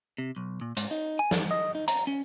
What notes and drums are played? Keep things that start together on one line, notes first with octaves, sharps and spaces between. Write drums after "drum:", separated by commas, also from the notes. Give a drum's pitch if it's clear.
C3
B1
A#2
G#2, drum: hi-hat
D#4
G#5
E2, drum: snare
D#5
D#4
A#5, drum: hi-hat
C#4